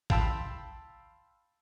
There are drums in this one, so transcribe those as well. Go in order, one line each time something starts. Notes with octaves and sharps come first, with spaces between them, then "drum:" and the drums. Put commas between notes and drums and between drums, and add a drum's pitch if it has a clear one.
F5 G5 A5 B5 C6 E6, drum: kick